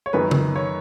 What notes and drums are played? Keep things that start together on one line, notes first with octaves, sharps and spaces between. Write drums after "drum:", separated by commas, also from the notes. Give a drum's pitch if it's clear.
C#5
F#2 D#3 B4
drum: tom C#3
C#5